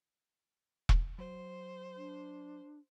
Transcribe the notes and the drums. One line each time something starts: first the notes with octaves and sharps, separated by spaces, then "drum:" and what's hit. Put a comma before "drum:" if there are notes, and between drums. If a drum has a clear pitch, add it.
drum: kick E1
F#3 C5
D4